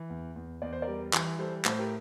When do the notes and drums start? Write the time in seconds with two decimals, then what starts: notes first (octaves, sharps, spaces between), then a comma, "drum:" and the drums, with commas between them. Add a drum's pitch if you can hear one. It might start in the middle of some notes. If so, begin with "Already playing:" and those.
Already playing: E3
0.10 E2
0.36 E2
0.62 E2 D5
0.72 C5
0.82 A#4 D5
0.88 G3
1.13 E3, drum: clap
1.39 G3 A4 C5
1.65 A2 C5, drum: clap
1.79 G4 A#4